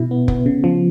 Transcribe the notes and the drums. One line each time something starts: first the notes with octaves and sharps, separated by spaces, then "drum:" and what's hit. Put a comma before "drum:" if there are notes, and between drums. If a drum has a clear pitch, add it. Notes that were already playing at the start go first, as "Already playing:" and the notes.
Already playing: B2 E4
B3
B3, drum: kick F1
C#3
F3